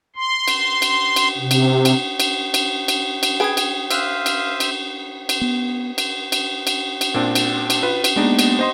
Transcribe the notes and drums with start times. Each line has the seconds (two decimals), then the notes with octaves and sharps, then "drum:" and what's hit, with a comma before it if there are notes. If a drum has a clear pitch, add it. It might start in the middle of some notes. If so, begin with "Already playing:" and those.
0.16 C6
0.48 drum: cymbal
0.82 drum: cymbal
1.16 drum: cymbal
1.38 C3
1.51 drum: cymbal
1.85 drum: cymbal
2.20 drum: cymbal
2.54 drum: cymbal
2.88 drum: cymbal
3.23 drum: cymbal
3.40 G#4 B4 G5 D#6 G#6
3.57 drum: cymbal
3.91 C5 E5 F5 D#6 E6 F#6, drum: cymbal
4.26 drum: cymbal
4.60 drum: cymbal
5.29 drum: cymbal
5.41 B3
5.98 drum: cymbal
6.32 drum: cymbal
6.67 drum: cymbal
7.01 drum: cymbal
7.14 A#2 C4 D4
7.35 drum: cymbal
7.70 drum: cymbal
7.83 F4 B4
8.04 drum: cymbal
8.16 G#3 A#3 B3 D4 D#4
8.39 drum: cymbal
8.59 C5 D#5 C6